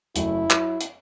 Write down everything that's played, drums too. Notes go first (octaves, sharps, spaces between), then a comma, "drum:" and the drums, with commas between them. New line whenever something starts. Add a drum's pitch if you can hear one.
F#1 F#2 F#3 A3 E4, drum: hi-hat
F#3, drum: clap
drum: hi-hat